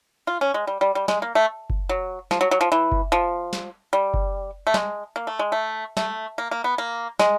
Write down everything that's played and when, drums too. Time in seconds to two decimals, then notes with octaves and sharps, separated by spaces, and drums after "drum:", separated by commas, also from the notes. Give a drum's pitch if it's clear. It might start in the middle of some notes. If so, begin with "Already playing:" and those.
0.27 F4
0.41 C#4
0.54 G#3
0.67 G3
0.81 G3
0.95 G3
1.08 G#3, drum: snare
1.22 A#3
1.35 A3
1.70 drum: kick F#1
1.89 F#3
2.31 F3, drum: snare
2.41 F#3
2.51 F#3
2.61 F3
2.72 E3
2.92 drum: kick F#1
3.12 F3
3.53 drum: snare
3.93 G3
4.14 drum: kick F#1
4.67 A3
4.74 G#3, drum: snare
5.16 A#3
5.27 A3
5.39 G#3
5.52 A3
5.97 A3, drum: snare
6.38 A#3
6.51 A#3
6.64 B3
6.78 A#3
7.19 G#3, drum: snare